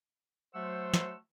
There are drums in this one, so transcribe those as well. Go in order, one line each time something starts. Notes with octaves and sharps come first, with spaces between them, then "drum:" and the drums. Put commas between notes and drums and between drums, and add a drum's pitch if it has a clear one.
F#3 A3 C5 F#5 E6
drum: snare